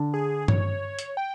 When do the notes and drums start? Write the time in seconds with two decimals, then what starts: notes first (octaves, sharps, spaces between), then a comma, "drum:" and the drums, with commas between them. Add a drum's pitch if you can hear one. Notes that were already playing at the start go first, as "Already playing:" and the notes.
Already playing: D3 D4
0.14 G#4
0.48 C#5, drum: tom G2
0.99 drum: hi-hat
1.17 G5